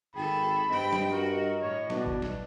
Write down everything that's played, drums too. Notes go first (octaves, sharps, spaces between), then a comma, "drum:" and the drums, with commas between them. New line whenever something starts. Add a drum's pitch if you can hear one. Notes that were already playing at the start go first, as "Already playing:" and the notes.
G#1 G#4 A4 G5 B5
G2 C4 D#5 G5
drum: snare
F#4 A#4
A2 C#5
B2 D4, drum: snare
drum: kick G#1
drum: snare